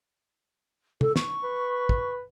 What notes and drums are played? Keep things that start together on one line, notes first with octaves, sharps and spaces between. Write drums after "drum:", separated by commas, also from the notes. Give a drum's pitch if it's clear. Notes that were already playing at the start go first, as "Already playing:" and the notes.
A4, drum: tom
C#6, drum: snare
B4
drum: kick